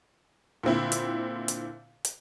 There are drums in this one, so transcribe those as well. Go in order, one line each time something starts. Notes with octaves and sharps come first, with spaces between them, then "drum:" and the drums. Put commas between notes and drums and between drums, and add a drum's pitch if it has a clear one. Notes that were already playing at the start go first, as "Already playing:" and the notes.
A#2 D3 C4 E4
drum: hi-hat
drum: hi-hat
drum: hi-hat